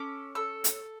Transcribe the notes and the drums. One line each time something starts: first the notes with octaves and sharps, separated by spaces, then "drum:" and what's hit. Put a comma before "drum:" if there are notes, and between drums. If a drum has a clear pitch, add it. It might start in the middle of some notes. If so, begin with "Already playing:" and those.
Already playing: C#4 A4 D6
A4 E6
drum: hi-hat